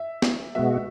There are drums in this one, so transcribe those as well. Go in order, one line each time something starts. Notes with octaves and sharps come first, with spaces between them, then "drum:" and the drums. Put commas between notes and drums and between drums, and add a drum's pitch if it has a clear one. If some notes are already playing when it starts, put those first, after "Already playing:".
Already playing: E5
drum: snare B3
B2 G#3 B3 F#4 E5